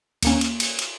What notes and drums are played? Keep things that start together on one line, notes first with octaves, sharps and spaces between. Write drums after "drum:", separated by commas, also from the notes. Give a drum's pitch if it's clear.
D#2 A#3 C#4, drum: cymbal
drum: cymbal
drum: cymbal
drum: cymbal